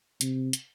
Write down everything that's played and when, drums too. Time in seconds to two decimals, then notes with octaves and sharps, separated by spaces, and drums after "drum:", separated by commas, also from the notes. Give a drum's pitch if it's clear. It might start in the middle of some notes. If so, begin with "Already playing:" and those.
0.21 C3, drum: hi-hat
0.53 drum: hi-hat